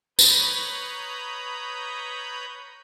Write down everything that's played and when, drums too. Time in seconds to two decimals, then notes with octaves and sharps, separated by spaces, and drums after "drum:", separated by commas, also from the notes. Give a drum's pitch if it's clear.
0.19 B4 C#5 A#5 B5 D#6 G6, drum: tambourine